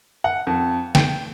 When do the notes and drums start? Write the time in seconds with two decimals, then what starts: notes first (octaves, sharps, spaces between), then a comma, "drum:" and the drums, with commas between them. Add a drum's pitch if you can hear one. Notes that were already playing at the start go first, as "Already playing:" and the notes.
0.24 F#5
0.47 F2
0.95 G5, drum: snare